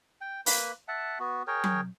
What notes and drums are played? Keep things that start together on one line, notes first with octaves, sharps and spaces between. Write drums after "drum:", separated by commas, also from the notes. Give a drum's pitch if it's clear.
G5
A#3 B4 B5, drum: open hi-hat
E5 F#5 A5
B3 F#4
G#4 A#4 C#5 G5
drum: tom F#3